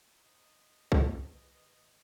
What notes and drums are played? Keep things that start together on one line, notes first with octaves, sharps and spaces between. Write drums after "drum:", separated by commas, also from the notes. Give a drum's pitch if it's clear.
C5 D#5 A#5 B5
G#1 B4 C#5, drum: kick B1